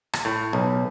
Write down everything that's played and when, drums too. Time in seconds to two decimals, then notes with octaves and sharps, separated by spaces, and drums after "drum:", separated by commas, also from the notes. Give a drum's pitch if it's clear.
0.13 drum: rim click
0.25 A2
0.53 B1